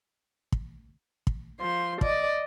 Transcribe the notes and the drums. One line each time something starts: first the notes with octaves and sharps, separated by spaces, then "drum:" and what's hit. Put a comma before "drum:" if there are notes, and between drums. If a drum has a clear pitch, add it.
drum: kick
drum: kick
F3 C6
D5 D#5, drum: kick